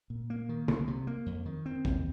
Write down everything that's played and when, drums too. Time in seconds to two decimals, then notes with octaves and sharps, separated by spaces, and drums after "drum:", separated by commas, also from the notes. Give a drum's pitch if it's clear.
0.10 A#2
0.30 A#3
0.49 D#3
0.68 C2, drum: tom
0.87 C3
1.07 A#3
1.26 F2
1.46 D#3
1.66 C4
1.85 D#2, drum: kick